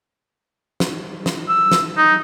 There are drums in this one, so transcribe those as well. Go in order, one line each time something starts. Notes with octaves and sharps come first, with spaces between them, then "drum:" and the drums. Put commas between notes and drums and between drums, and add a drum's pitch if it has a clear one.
drum: snare
drum: snare
E6
drum: snare
D#4